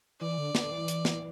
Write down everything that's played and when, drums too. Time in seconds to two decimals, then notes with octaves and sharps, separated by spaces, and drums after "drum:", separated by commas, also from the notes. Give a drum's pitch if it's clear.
0.21 E3 D5
0.38 D3
0.55 D3, drum: snare
0.71 E3
0.88 drum: hi-hat
1.05 drum: snare